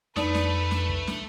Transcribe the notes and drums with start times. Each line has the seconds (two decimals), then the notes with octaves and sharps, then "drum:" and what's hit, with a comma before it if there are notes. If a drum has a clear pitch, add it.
0.16 F2 A3 D#4 B4 D5 A5, drum: snare
0.35 drum: snare
0.71 drum: snare
0.89 drum: kick
1.07 drum: snare